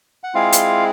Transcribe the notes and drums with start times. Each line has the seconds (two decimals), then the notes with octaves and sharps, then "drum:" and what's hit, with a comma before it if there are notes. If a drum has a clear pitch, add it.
0.24 F#5
0.34 G#3 C4 E4 F4 G#4 F5
0.52 drum: hi-hat